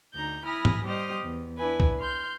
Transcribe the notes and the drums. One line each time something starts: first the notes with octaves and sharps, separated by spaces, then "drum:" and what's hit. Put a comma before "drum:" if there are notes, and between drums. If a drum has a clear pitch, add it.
D2 D#4 A#5 G6
E4 G#5 B5 D#6 F6 A#6
drum: tom G#2
G3 G4 C5 D#5 D#6 F6
E2
D4 E4 B4 G#5
drum: kick C2
C6 F6 G6